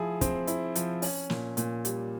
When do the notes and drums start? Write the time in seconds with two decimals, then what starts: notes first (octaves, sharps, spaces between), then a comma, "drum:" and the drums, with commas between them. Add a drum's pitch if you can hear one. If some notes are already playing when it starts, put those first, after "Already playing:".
Already playing: F3 E4 G#4
0.21 C4, drum: kick, hi-hat
0.47 E4, drum: hi-hat
0.75 F3, drum: hi-hat
1.02 C#4, drum: open hi-hat
1.30 A#2, drum: snare
1.57 A#2, drum: hi-hat
1.85 G3, drum: hi-hat